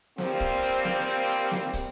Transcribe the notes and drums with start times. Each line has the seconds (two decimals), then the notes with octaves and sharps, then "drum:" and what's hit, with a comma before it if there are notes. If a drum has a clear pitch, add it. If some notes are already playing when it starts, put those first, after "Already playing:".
0.18 F3 G3 A#3 C4, drum: snare
0.40 drum: kick
0.63 drum: hi-hat
0.85 drum: snare
1.07 drum: hi-hat
1.29 drum: hi-hat
1.51 drum: snare
1.74 drum: kick, hi-hat